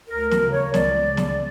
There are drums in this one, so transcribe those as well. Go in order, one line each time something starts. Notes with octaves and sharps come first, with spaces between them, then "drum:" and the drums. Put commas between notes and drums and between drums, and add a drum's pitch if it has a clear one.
D2 A#4
A#4, drum: snare
C#3
C#5
C#2 D5, drum: snare
C#3
drum: snare